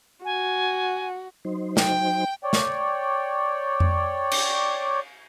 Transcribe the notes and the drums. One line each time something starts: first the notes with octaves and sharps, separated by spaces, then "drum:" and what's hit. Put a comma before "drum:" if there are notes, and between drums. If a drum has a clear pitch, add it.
F#4 G#5
F#3 D#4 C5
G5, drum: snare
C#5 D5 G5
drum: snare
drum: tom F2
drum: cymbal